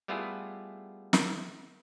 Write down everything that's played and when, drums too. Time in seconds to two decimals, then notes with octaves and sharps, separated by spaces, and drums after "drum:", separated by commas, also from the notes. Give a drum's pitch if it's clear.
0.08 G3 A3 B3 E4 F4 G#4
1.13 drum: snare